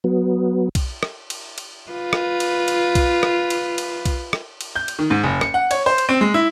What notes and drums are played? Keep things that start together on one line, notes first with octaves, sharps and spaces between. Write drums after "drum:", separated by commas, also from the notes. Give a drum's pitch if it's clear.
F#3 B3
drum: kick, cymbal
drum: rim click
drum: cymbal
drum: cymbal
F4 B4
drum: rim click
drum: cymbal
drum: cymbal
drum: kick, cymbal
drum: rim click
drum: cymbal
drum: cymbal
drum: kick, cymbal
drum: rim click
drum: cymbal
G6
drum: cymbal
D#3
G#2
F#1
C#7, drum: rim click
F#5
C#5, drum: cymbal
C5
drum: cymbal
C4
G#3
E4